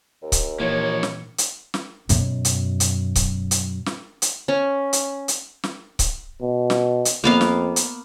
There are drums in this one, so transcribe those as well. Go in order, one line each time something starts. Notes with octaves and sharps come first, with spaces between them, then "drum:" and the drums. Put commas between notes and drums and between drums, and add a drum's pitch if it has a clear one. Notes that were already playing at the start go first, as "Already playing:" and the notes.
D#2
drum: kick C#1, hi-hat
A#2 E3 F3 A#3 C#5 C#7
drum: snare
drum: hi-hat
drum: snare
F#2 B2, drum: hi-hat
drum: hi-hat
drum: hi-hat
drum: kick C#1, hi-hat
drum: hi-hat
drum: snare
drum: hi-hat
C#4
drum: hi-hat
drum: hi-hat
drum: snare
drum: kick C#1, hi-hat
B2
drum: snare
drum: hi-hat
F2 A#3 B3 F5
drum: snare
drum: hi-hat